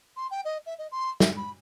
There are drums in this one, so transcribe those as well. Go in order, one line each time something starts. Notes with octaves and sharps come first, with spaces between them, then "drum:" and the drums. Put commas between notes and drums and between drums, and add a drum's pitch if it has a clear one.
C6
G5
D#5
E5
D#5
C6
E5, drum: snare
B5